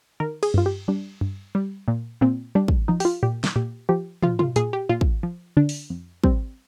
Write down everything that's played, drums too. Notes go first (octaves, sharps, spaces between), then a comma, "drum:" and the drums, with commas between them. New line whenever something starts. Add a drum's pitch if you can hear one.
D#3 A#4
G#4, drum: cymbal
G2 F4
G4
G3 D4
G2
G3
A#2
A#2 C4
G3 D4
drum: kick
F3 D#4
G4, drum: open hi-hat
F4
A#2 G4
drum: snare
A#2 G4
F3 G4
F3 F4, drum: tom
F4, drum: tom
A#2 G#4, drum: hi-hat
G4
A#2 F4
drum: kick
F3
D3 D4
drum: open hi-hat
F2
G3 C4, drum: kick